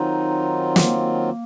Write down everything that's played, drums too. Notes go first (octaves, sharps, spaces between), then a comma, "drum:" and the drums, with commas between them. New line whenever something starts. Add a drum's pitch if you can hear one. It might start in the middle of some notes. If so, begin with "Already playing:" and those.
Already playing: D#3 F#3 C4 D#4 F4
A#3, drum: snare